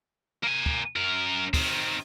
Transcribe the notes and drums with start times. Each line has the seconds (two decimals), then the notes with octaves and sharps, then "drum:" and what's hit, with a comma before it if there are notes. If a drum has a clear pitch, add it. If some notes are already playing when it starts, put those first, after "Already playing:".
0.44 A#3 G#5
0.66 drum: kick
0.96 F#2 A#4
1.54 D#3 C4, drum: kick, open hi-hat